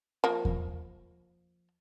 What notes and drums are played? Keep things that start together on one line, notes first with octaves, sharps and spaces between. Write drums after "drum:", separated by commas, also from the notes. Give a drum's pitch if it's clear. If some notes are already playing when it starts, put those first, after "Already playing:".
F3 A#3
drum: kick E2